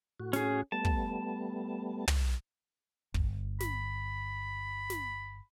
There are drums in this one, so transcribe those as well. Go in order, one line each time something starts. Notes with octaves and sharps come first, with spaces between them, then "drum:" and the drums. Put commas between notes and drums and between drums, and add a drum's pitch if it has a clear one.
A2 F#4
C#4 G#4, drum: snare
G3 A3 B3 A5
drum: kick
drum: tom
G1, drum: kick
B5, drum: snare
drum: snare